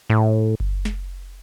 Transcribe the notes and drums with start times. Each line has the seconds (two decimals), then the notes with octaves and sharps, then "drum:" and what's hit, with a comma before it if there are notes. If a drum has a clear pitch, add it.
0.10 A2
0.60 drum: kick F#1
0.85 drum: snare